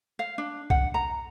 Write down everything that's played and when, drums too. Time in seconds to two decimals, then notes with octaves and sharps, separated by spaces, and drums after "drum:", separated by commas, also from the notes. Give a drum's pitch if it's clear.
0.19 F5
0.38 D4
0.70 F#5, drum: kick C2
0.94 A#5